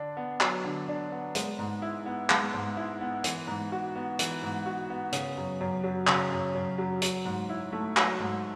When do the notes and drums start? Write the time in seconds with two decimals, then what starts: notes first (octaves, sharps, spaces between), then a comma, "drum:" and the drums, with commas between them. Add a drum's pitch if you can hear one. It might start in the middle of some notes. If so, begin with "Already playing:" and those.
Already playing: D3 D4
0.17 B3
0.41 F#3, drum: clap
0.64 D3
0.88 D4
1.12 B3
1.35 G#3, drum: hi-hat
1.59 G#2
1.82 E4
2.06 B3
2.30 G#3, drum: clap
2.54 G#2
2.77 E4
3.01 B3
3.24 E3, drum: hi-hat
3.47 G#2
3.72 F#4
3.96 B3
4.19 E3, drum: hi-hat
4.43 G#2
4.66 F#4
4.90 B3
5.12 C#3, drum: hi-hat
5.37 F#2
5.61 F#2
5.84 F#3
6.07 C#3, drum: clap
6.31 F#2
6.54 F#2
6.78 F#3
7.02 F#3, drum: hi-hat
7.25 G#2
7.49 E4
7.73 A3
7.97 F#3, drum: clap
8.19 G#2